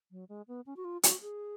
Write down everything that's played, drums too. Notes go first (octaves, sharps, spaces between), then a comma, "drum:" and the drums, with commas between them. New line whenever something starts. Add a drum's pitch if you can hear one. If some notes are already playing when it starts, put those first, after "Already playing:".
F#3
G#3
B3
C#4
F#4
F4
F#4, drum: hi-hat
G#4